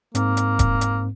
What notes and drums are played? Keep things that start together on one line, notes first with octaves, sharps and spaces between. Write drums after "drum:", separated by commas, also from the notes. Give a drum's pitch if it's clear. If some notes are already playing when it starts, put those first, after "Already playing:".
G#2 A#3 C4, drum: hi-hat
drum: hi-hat
drum: kick E1, hi-hat
drum: hi-hat